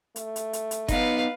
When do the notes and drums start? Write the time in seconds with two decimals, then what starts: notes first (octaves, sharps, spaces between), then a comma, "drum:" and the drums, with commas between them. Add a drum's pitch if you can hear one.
0.16 A3, drum: hi-hat
0.36 drum: hi-hat
0.53 drum: hi-hat
0.71 drum: hi-hat
0.88 B3 D#4 B4 F5, drum: kick F#1, hi-hat